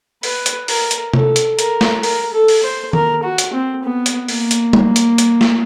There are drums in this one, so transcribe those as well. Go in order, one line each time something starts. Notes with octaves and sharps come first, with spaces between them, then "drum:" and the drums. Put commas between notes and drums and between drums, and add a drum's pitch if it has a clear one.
B4, drum: open hi-hat
drum: hi-hat
A#4, drum: open hi-hat
drum: hi-hat
A4, drum: tom C3
drum: hi-hat
A#4, drum: hi-hat
drum: snare
A#4, drum: open hi-hat
A4
drum: open hi-hat
C5
A#4, drum: tom D#3
F#4
drum: hi-hat
C4
B3
drum: hi-hat
A#3, drum: open hi-hat
drum: hi-hat
drum: tom G3
drum: hi-hat
drum: hi-hat
drum: snare